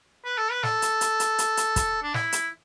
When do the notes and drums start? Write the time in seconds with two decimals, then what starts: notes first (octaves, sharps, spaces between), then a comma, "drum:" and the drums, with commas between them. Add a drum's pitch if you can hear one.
0.25 B4
0.38 A4
0.51 B4
0.63 A4, drum: snare
0.82 drum: hi-hat
1.01 drum: hi-hat
1.20 drum: hi-hat
1.38 drum: hi-hat
1.57 drum: hi-hat
1.76 drum: kick, hi-hat
2.03 D4
2.14 E4, drum: snare
2.32 drum: hi-hat